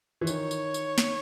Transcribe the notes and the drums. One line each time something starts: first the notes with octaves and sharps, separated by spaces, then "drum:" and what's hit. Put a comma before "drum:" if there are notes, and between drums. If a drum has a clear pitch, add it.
E3
D#3 C#5, drum: tambourine
drum: tambourine
drum: tambourine
drum: snare